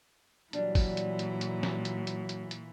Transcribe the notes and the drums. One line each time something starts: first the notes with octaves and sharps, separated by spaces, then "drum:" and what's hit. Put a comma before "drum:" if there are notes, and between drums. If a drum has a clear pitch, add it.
A#2 E3 F#3 G3 D4, drum: hi-hat
drum: kick, open hi-hat
drum: hi-hat
drum: hi-hat
drum: hi-hat
drum: snare
drum: hi-hat
drum: hi-hat
drum: hi-hat
drum: hi-hat